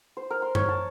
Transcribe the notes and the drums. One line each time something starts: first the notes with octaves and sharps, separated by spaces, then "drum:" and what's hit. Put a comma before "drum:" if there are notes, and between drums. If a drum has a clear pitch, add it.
C5
A#4
C6
C#5, drum: tom F#2
A5